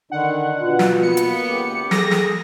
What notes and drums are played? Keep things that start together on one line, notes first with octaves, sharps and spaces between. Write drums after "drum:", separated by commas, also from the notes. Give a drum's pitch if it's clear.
D3 D#3 D4 F#5
B2 F4
drum: snare
A#3 B3 C#7
drum: hi-hat
C#2 G4
G#4 A4 A#6, drum: snare
drum: snare